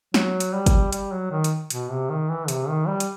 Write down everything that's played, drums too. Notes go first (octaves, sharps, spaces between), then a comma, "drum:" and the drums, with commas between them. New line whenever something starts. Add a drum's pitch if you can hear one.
F#3, drum: snare
drum: hi-hat
G3
drum: kick, hi-hat
G3, drum: hi-hat
F#3
D#3
drum: hi-hat
B2, drum: hi-hat
C3
D#3
E3
C3, drum: hi-hat
D#3
G3
drum: hi-hat